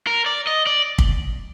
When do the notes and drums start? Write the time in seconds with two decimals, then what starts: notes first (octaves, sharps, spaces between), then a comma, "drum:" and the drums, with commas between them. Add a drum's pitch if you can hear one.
0.07 A#4
0.26 D5
0.47 D#5
0.67 D5
0.98 drum: kick